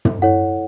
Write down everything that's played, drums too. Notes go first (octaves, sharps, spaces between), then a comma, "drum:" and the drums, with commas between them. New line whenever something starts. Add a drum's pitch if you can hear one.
drum: tom
E4 A4 C#5 F#5